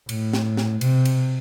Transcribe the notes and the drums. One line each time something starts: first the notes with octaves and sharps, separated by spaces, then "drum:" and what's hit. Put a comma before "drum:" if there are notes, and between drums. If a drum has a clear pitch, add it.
A2, drum: cymbal
drum: snare
drum: snare
C3, drum: cymbal
drum: cymbal